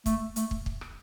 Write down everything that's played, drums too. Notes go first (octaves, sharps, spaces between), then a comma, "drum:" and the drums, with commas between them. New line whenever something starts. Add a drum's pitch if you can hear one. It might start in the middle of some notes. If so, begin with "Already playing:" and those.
A3, drum: kick, hi-hat
A3, drum: hi-hat
drum: kick
drum: kick
drum: rim click